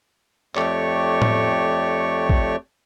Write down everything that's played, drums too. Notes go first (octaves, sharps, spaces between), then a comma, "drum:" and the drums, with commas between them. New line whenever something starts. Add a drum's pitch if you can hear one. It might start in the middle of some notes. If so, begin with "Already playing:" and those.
F2 A3 G4 C#5 D5 C#6, drum: clap
drum: tom A2
drum: kick A#1